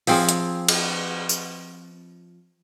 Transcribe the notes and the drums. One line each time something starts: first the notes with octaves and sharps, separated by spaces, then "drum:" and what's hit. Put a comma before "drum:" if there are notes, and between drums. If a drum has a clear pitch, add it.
F3 C4 G#4, drum: open hi-hat
drum: hi-hat
drum: cymbal
drum: tambourine